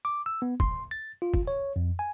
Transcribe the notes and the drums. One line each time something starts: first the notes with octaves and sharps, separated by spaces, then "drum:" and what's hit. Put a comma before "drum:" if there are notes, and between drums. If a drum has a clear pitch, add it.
D6
E6
B3
C6, drum: kick
A6
F4
drum: kick
C#5
F2
G#5